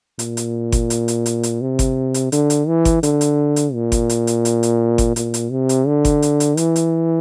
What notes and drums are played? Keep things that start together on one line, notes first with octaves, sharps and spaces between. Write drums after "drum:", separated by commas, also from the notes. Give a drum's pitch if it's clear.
A#2, drum: hi-hat
drum: hi-hat
drum: kick G1, hi-hat
drum: hi-hat
drum: hi-hat
drum: hi-hat
drum: hi-hat
C3
drum: kick G1, hi-hat
drum: hi-hat
D3, drum: hi-hat
drum: hi-hat
E3
drum: kick G1, hi-hat
D3, drum: hi-hat
drum: hi-hat
drum: hi-hat
A#2
drum: kick G1, hi-hat
drum: hi-hat
drum: hi-hat
drum: hi-hat
drum: hi-hat
drum: kick G1, hi-hat
A#2, drum: hi-hat
drum: hi-hat
C3
drum: hi-hat
D3
drum: kick G1, hi-hat
drum: hi-hat
drum: hi-hat
E3, drum: hi-hat
drum: hi-hat